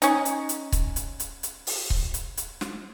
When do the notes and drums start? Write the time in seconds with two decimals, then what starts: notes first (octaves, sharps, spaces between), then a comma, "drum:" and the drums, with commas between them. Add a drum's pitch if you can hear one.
0.02 C#4 D#4, drum: hi-hat
0.25 drum: hi-hat
0.49 drum: hi-hat
0.72 drum: kick C#1, hi-hat
0.96 drum: hi-hat
1.20 drum: hi-hat
1.43 drum: hi-hat
1.67 drum: open hi-hat
1.90 drum: kick C#1
2.14 drum: hi-hat
2.37 drum: hi-hat
2.61 drum: snare